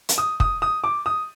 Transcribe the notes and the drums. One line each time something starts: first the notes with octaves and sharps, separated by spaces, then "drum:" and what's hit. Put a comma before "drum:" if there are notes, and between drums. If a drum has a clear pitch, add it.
drum: hi-hat
D#6
D#6, drum: kick
D#6
D6
D#6